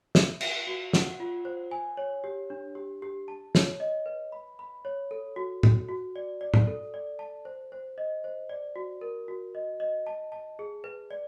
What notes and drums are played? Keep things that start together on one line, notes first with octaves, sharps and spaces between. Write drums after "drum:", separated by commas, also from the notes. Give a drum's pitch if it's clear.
E5, drum: snare
E5, drum: cymbal
F#4
F#5, drum: snare
F4
C5
G#5
C#5
G4
D4
G4
G4
A5
C#5, drum: snare
D#5
B4
B5
B5
C#5
A4
F#4
F#4, drum: tom
F#4
D5
D5
drum: tom
A4
D5
A5
C5
C5
D#5
C5
D5
F#4
A#4
F#4
D#5
D#5
A5
A5
G#4
B4
D5